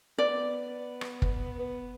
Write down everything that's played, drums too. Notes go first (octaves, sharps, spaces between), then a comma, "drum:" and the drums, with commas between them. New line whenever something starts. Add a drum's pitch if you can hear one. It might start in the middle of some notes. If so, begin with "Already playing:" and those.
B3 D5
drum: rim click
drum: kick
B3